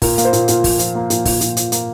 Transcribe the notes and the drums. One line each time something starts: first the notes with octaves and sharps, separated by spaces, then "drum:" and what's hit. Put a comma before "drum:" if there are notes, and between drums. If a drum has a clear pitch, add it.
A#2 A#4, drum: kick, open hi-hat
A#3, drum: hi-hat
C5
A#2, drum: hi-hat
A#2 F5, drum: hi-hat
F3, drum: kick, open hi-hat
F3, drum: hi-hat
A#3
A#2, drum: hi-hat
A#2, drum: kick, open hi-hat
A#2, drum: hi-hat
F3, drum: hi-hat
A#3, drum: hi-hat